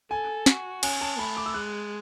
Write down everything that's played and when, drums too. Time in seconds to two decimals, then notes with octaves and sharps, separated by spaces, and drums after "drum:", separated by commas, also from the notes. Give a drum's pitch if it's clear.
0.11 A4 G#5
0.46 F#4, drum: snare
0.83 C#4 G#5, drum: cymbal
1.01 A5
1.18 A3 B5
1.37 D6
1.46 E6
1.54 G#3 F#6